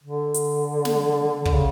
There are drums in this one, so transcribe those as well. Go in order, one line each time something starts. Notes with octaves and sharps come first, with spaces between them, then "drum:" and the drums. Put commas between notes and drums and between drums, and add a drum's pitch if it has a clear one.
D3
drum: hi-hat
drum: snare
D3, drum: kick
C#3